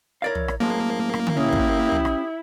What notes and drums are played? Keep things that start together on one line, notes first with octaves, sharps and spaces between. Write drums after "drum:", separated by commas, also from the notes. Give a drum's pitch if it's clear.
E4 A#4 C#5 D5 F5
drum: tom
drum: rim click
F#2 A2 G#3 A#3 G#4 C5 A5
drum: rim click
drum: tom D3
C#4 E4 G4 D#6
drum: kick
drum: tom
drum: rim click